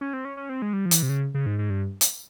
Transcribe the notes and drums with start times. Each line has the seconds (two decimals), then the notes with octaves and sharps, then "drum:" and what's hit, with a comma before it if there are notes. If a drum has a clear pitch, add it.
0.01 C#4
0.13 C4
0.25 C#4
0.37 C#4
0.49 C4
0.62 G#3
0.73 G3
0.86 F3
0.91 E3, drum: hi-hat
1.03 C3
1.09 C#3
1.34 C#3
1.46 G#2
1.59 G#2
1.70 G2
2.01 drum: hi-hat